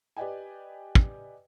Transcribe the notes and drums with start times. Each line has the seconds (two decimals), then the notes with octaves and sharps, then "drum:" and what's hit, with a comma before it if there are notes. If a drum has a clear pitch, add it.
0.17 G4 B4 D5 D#5 G5 G#5
0.95 drum: kick